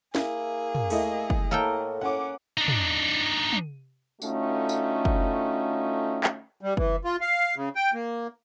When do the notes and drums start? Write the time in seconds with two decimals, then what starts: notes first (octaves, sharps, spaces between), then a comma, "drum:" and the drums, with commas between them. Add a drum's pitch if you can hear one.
0.15 A#3 E4 G#4, drum: snare
0.75 drum: tom
0.90 A3 E4 D#5, drum: open hi-hat
1.30 drum: kick F#1
1.51 A2 A#3 A4 G5
2.01 C#4 F#5 D6
2.57 D4 D#4
2.68 drum: tom
3.53 drum: tom
4.22 D3 A3 C#4 D#4 F4 F#4, drum: tambourine
4.69 drum: tambourine
5.05 drum: kick F#1
6.24 drum: clap
6.61 G3
6.77 E3, drum: kick F#1
7.05 F4
7.21 F5
7.56 C#3
7.75 G5
7.94 A#3